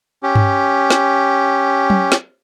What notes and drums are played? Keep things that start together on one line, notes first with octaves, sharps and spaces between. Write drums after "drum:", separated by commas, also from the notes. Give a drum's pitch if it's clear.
C#4 G4
drum: tom G2
drum: snare
drum: tom F#3
drum: snare